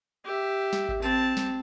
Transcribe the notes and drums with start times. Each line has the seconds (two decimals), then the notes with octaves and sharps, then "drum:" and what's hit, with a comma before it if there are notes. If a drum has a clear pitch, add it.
0.25 G4 E5
0.73 drum: snare
0.89 drum: kick G#1
1.02 C4 A5, drum: tambourine
1.37 drum: snare